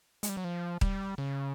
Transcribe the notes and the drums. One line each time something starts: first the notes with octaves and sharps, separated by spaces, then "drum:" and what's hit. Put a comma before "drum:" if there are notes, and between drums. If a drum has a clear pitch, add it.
G#3, drum: hi-hat
G3
F#3
F3
G3, drum: kick D#1
C#3